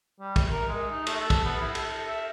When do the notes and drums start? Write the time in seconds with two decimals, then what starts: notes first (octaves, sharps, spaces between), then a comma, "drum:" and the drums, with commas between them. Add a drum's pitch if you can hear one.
0.20 G3
0.36 drum: kick, cymbal
0.51 A#4
0.69 G#3
0.91 D#4
1.07 A3, drum: cymbal
1.21 A4
1.30 drum: kick, cymbal
1.45 B3
1.61 E4
1.75 A4, drum: cymbal
2.09 E5